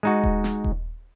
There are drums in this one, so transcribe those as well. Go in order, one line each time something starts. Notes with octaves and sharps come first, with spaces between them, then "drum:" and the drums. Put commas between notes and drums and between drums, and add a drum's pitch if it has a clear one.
G#3 D#4 F#4
drum: kick D#1
drum: snare
drum: kick D#1